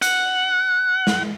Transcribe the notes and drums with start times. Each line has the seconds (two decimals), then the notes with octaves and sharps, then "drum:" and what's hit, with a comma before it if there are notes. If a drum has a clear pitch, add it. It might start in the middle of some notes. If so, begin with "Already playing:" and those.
0.02 F#5, drum: hi-hat
1.07 drum: snare